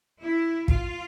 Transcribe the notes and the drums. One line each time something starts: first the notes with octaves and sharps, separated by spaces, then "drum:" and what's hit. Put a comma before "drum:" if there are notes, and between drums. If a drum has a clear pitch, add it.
E4
F4, drum: kick